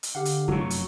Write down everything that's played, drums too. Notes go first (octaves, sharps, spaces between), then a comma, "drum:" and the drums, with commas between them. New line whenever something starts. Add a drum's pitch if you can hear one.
drum: hi-hat
D3 G4 F5 F#5
drum: hi-hat
F1 A#2 F#3
F#2 C#6
drum: hi-hat